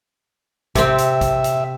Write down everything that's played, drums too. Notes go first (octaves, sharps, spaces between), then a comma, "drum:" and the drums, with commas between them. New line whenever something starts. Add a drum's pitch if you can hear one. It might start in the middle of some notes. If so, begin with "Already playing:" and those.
C3 C4 E5, drum: kick, hi-hat
drum: hi-hat
drum: kick, hi-hat
drum: hi-hat